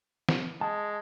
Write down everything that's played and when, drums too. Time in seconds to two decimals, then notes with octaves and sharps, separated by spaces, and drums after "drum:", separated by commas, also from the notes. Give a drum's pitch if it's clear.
0.29 drum: snare
0.61 G#3 A5